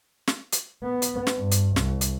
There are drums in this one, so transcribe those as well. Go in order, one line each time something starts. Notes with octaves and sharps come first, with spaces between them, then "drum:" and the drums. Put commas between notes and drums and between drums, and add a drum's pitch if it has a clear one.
drum: snare
drum: hi-hat
B3
drum: hi-hat
drum: snare
G2
drum: hi-hat
C2, drum: snare
drum: hi-hat